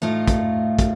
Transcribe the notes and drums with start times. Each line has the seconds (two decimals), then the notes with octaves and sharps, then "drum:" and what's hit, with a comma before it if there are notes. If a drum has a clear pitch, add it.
0.02 A2 A3 D#4 F4
0.28 drum: kick, hi-hat
0.79 drum: kick, hi-hat